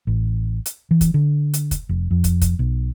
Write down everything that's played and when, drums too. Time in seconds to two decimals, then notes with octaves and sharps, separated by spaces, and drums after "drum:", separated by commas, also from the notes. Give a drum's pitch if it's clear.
0.07 A1
0.66 drum: hi-hat
0.91 E3
1.01 drum: kick, hi-hat
1.14 D3
1.54 drum: hi-hat
1.71 drum: kick, hi-hat
1.89 F1
2.11 F2
2.24 drum: kick, hi-hat
2.41 drum: kick, hi-hat
2.59 B1